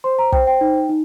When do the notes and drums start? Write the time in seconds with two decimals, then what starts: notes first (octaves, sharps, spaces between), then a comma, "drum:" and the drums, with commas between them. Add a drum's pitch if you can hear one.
0.04 C5 C6
0.19 A#5
0.32 C5 G5, drum: kick
0.47 G5
0.61 D#4
0.89 D#4